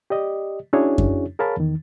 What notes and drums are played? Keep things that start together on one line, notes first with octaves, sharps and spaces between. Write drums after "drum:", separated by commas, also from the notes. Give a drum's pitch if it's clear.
G4 D5 D#5
C#4 D4 E4 F#4 G#4 C#5
drum: kick F#2
G#4 A#4 C#5 F5 A5 B5
E2 D#3